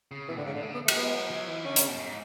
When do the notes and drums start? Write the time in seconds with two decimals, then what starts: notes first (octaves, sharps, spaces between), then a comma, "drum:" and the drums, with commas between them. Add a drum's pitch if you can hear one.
0.11 C#3
0.28 B2 E3
0.37 A2 D3
0.45 G#2 C#3
0.54 A2 D3
0.62 C#3 A3
0.70 D3 B3
0.85 A3
0.88 F#3, drum: cymbal
0.96 G#3 B3
1.14 F#3
1.31 F#3
1.48 E3
1.65 D3 C#4
1.76 C#3, drum: hi-hat
1.88 B2
1.95 F#2
1.99 G#2